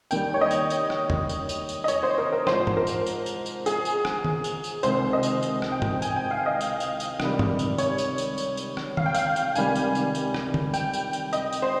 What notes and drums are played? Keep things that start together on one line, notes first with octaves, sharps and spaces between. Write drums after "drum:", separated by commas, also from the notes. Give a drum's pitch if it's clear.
D#2 D#3 G3 G5, drum: tambourine
C#5
D#5
drum: tambourine
drum: tambourine
drum: rim click
drum: tom
drum: tambourine
drum: tambourine
drum: tambourine
D#5
C#5, drum: tambourine
C5
A#4
A#4
G#2 F3 C5, drum: rim click
drum: tom
A#4
drum: tambourine
drum: tambourine
drum: tambourine
drum: tambourine
G#4, drum: tambourine
drum: tambourine
drum: rim click
drum: tom
drum: tambourine
drum: tambourine
C#2 C3 D#3 C5, drum: tambourine
D#5
drum: tambourine
drum: tambourine
drum: rim click
G5
drum: tom
G#5, drum: tambourine
G5
F5
D#5
drum: tambourine
drum: tambourine
drum: tambourine
C#2 C3 D#3 G3, drum: rim click
drum: tom
drum: tambourine
C#5, drum: tambourine
drum: tambourine
drum: tambourine
drum: tambourine
drum: tambourine
drum: rim click
F5, drum: tom
G5
F5, drum: tambourine
G5
drum: tambourine
C#2 C3 D#3 G3 G#5, drum: tambourine
drum: tambourine
drum: tambourine
drum: tambourine
drum: rim click
drum: tom
G5, drum: tambourine
drum: tambourine
drum: tambourine
D#5, drum: tambourine
drum: tambourine
C5